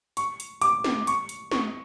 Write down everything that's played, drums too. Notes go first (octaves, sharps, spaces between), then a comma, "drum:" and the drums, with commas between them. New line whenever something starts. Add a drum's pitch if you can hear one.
C#6, drum: hi-hat
drum: hi-hat
D6, drum: hi-hat
drum: snare
C#6, drum: hi-hat
drum: hi-hat
C#6, drum: snare